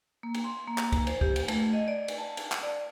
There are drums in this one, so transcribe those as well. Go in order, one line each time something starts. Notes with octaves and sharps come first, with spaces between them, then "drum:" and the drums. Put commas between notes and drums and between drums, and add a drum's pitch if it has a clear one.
A#3
drum: cymbal
C6
A#3
drum: clap
drum: kick, cymbal
C5, drum: cymbal
G4, drum: kick
drum: cymbal
A3, drum: cymbal
D#5
D5
drum: cymbal
A5
drum: cymbal
drum: clap
D5